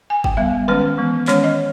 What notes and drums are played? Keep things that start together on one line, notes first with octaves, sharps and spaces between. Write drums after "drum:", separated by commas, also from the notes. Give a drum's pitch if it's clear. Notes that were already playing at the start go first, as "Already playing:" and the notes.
G#5
G5, drum: kick
G3 B3 E5
D#3 G#3 C#4 B4
E3 G#3 B3
D#3 G#3 C#4 C#5, drum: clap
D#5